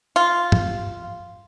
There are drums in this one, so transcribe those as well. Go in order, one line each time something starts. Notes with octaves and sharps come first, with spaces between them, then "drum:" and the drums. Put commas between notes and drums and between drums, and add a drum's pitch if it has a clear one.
F4
drum: tom